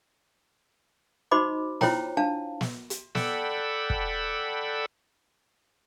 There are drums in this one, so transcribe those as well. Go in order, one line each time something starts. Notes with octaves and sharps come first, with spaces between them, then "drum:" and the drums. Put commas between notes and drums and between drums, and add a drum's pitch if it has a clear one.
D#4 F#4 C5 D#5 B5 D6
E4 F4 C5 C#5 G5 A#5, drum: snare
D4 F5 A5
drum: snare
drum: hi-hat
A4 D5 F#5 G5 B5 E6, drum: snare
drum: kick